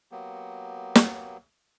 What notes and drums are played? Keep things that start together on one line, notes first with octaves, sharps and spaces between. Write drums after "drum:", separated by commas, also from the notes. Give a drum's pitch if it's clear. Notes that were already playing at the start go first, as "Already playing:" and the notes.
F#3 A#3 B3 G4
drum: snare